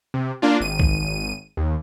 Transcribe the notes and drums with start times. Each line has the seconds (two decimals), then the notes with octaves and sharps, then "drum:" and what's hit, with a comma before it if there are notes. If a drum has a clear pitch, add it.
0.14 C3
0.42 A#3 D4 F4
0.60 G#1 D#7
0.79 drum: kick B1
1.57 D#2